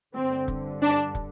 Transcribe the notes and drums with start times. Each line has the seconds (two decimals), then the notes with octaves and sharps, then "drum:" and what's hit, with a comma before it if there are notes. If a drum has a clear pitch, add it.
0.14 G2 D3 C4
0.48 drum: kick
0.82 D4
1.15 drum: kick